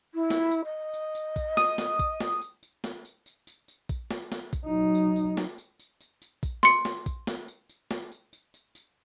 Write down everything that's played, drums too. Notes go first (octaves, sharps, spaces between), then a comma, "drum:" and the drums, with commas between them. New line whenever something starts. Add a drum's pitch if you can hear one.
E4
drum: snare
drum: tambourine
D#5
drum: tambourine
drum: tambourine
drum: kick A#1, tambourine
D#6, drum: snare
drum: snare
drum: kick A#1, tambourine
drum: snare
drum: tambourine
drum: tambourine
drum: snare
drum: tambourine
drum: tambourine
drum: tambourine
drum: tambourine
drum: kick A#1, tambourine
drum: snare
drum: snare
drum: kick A#1, tambourine
F#3 D#4
drum: tambourine
drum: tambourine
drum: snare
drum: tambourine
drum: tambourine
drum: tambourine
drum: tambourine
drum: kick A#1, tambourine
C6 C#7, drum: snare
drum: snare
drum: kick A#1, tambourine
drum: snare
drum: tambourine
drum: tambourine
drum: snare
drum: tambourine
drum: tambourine
drum: tambourine
drum: tambourine